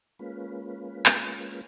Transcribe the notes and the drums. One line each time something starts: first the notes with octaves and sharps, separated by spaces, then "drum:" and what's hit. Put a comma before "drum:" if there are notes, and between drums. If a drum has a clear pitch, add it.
G#3 A#3 C#4 F4 B4
drum: clap